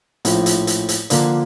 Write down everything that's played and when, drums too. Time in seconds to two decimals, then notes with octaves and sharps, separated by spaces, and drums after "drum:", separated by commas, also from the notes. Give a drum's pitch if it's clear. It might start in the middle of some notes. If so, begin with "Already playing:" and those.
0.25 A#1 A2 F3, drum: hi-hat
0.46 drum: hi-hat
0.67 drum: hi-hat
0.89 drum: hi-hat
1.10 D3 F3 A#3 D4, drum: hi-hat